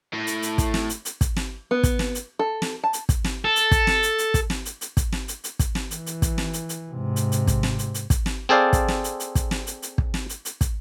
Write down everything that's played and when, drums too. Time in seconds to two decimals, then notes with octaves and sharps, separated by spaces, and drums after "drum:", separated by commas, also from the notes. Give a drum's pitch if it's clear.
0.14 A2
0.27 drum: hi-hat
0.42 drum: hi-hat
0.58 drum: kick, hi-hat
0.74 drum: snare
0.89 drum: hi-hat
1.05 drum: hi-hat
1.21 drum: kick, hi-hat
1.36 drum: snare
1.71 B3
1.83 drum: kick, hi-hat
1.99 drum: snare
2.15 drum: hi-hat
2.39 A4
2.62 drum: snare
2.84 A5
2.93 drum: hi-hat
3.09 drum: kick, hi-hat
3.24 drum: snare
3.45 A4
3.56 drum: hi-hat
3.71 drum: kick, hi-hat
3.87 drum: snare
4.03 drum: hi-hat
4.18 drum: hi-hat
4.34 drum: kick, hi-hat
4.50 drum: snare
4.65 drum: hi-hat
4.81 drum: hi-hat
4.97 drum: kick, hi-hat
5.12 drum: snare
5.28 drum: hi-hat
5.44 drum: hi-hat
5.59 drum: kick, hi-hat
5.75 drum: snare
5.91 E3, drum: hi-hat
6.06 drum: hi-hat
6.22 drum: kick, hi-hat
6.38 drum: snare
6.53 drum: hi-hat
6.69 drum: hi-hat
6.92 G#2 C3
7.16 drum: hi-hat
7.32 drum: hi-hat
7.47 drum: kick, hi-hat
7.63 drum: snare
7.79 drum: hi-hat
7.94 drum: hi-hat
8.10 drum: kick, hi-hat
8.26 drum: snare
8.49 C4 G#4 A4 C5 D5 F5
8.73 drum: kick, hi-hat
8.88 drum: snare
9.04 drum: hi-hat
9.20 drum: hi-hat
9.35 drum: kick, hi-hat
9.51 drum: snare
9.67 drum: hi-hat
9.82 drum: hi-hat
9.98 drum: kick
10.14 drum: snare
10.29 drum: hi-hat
10.45 drum: hi-hat
10.61 drum: kick, hi-hat